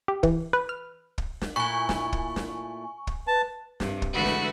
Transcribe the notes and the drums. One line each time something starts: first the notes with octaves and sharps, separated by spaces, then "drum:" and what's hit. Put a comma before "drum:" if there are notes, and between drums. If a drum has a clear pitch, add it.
G4
E3, drum: kick
B4
F6
drum: kick
drum: snare
A#2 A3 E4 G#5 C#6
drum: snare
drum: kick
drum: snare
drum: kick
B4 A5
G2 C3, drum: snare
drum: kick
D3 E3 G#3 A3 F#4 B4
drum: snare